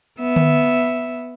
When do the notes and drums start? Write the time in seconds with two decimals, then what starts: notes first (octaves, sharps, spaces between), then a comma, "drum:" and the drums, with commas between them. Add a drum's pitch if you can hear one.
0.19 B3 E5
0.36 drum: tom D3